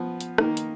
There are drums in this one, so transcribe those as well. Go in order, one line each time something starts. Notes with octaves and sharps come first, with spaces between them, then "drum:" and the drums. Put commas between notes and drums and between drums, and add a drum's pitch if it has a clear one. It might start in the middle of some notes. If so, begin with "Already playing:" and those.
Already playing: F3 B3
drum: hi-hat
D#3 A#3 D#4, drum: rim click
drum: hi-hat